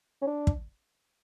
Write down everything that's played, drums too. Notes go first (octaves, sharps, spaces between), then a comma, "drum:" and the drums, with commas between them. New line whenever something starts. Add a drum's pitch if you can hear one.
C#4
D4
drum: kick